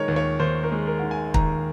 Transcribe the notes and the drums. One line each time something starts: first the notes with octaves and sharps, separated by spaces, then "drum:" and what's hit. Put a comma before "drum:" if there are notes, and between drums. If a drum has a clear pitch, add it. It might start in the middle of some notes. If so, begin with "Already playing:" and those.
Already playing: D#3 G#3 A#4 C#5
D#2
C#5
D#2 C5
A#4
G#3
A#4
D#3 F#5
G#5
D#2 A#5, drum: kick